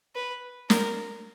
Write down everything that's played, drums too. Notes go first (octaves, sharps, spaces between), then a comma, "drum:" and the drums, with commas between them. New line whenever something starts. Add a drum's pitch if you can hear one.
B4
A#4, drum: snare